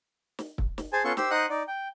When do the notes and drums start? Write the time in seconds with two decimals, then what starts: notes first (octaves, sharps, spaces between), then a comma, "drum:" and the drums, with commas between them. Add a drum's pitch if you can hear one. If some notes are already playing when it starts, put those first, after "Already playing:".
0.39 drum: snare
0.58 drum: kick
0.78 drum: snare
0.93 G#4 C5 G#5 A5
1.05 B3 C#4 F4 A4 C6 C#6
1.17 G4 C5 E6, drum: snare
1.31 D#4 C5 D#5 F#5 D#6 F#6
1.50 D#4 D5
1.68 G5